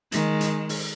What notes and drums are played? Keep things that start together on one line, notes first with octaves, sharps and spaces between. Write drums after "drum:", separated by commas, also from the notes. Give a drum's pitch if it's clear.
D#3 G#3, drum: hi-hat
drum: hi-hat
drum: open hi-hat